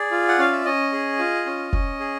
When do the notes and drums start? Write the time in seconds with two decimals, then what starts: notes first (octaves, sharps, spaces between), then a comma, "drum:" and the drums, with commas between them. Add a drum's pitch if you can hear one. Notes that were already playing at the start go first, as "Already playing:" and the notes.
Already playing: G#4 D5
0.11 F4
0.28 F#5
0.39 C#4 F5
0.53 E5
0.65 C#4 D#5
0.92 G#4
1.19 F4
1.46 C#4
1.73 C#4, drum: kick F1
2.00 G#4